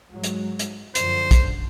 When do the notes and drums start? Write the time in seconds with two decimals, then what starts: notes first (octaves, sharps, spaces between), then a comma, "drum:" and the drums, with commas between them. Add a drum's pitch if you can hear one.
0.12 G#2 F#3 G#3
0.24 drum: hi-hat
0.59 drum: hi-hat
0.95 F#2 D3 F3 C5, drum: hi-hat
1.31 drum: kick, hi-hat